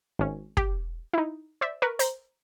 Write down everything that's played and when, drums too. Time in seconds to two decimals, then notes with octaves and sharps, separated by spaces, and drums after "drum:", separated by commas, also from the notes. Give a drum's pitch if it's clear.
0.19 G#1 C#4
0.57 G4, drum: kick
1.13 D#4 E4
1.61 C5 D5 E5
1.82 A#4 B4 C#6
1.99 C5 A#5, drum: hi-hat